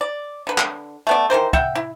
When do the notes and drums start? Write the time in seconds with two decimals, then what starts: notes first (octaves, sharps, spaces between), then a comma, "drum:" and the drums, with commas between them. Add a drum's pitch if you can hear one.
0.01 D5
0.47 D3 B4
0.58 drum: clap
1.07 A3 B3 D5
1.30 D#3 E3 A#4 C5
1.53 E5 F#5 G5, drum: kick
1.75 E4